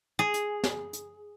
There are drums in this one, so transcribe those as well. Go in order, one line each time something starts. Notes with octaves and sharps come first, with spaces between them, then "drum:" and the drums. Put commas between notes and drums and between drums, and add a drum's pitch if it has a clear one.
G#4
drum: hi-hat
drum: snare
drum: hi-hat